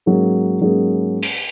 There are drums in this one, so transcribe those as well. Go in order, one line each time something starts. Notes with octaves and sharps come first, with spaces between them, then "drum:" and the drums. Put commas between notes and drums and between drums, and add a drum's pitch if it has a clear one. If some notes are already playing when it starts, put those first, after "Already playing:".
G#2 F#3 A#3 C#4 G#4
G#2 F#3 A#3 C#4 G#4
drum: open hi-hat